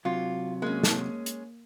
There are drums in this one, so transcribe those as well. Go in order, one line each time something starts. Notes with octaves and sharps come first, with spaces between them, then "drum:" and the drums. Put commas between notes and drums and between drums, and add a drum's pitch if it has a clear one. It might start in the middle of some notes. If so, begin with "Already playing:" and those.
C3 F#3 F4
G#3 A#3 C#4
drum: snare
drum: hi-hat